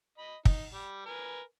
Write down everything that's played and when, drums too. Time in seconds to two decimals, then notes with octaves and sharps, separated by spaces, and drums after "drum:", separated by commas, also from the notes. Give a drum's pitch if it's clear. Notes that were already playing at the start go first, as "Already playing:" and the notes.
0.18 D#5 B5
0.45 D#4, drum: kick
0.74 G3
1.06 A#4 B4 G#5